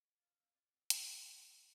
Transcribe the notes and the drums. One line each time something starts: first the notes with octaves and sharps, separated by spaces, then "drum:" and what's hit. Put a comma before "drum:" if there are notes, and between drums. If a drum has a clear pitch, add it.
F4 F5
C4
F4 D5
C4
C4 C5, drum: hi-hat
F4
C4
C4